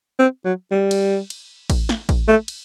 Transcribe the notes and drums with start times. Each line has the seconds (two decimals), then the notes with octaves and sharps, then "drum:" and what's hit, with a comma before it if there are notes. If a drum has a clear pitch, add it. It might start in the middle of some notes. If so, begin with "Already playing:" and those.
0.19 C4
0.45 F#3
0.71 G3
0.91 drum: cymbal
1.30 drum: cymbal
1.70 drum: kick A1, cymbal
1.89 drum: snare
2.09 drum: kick A1, cymbal
2.28 A3
2.48 drum: cymbal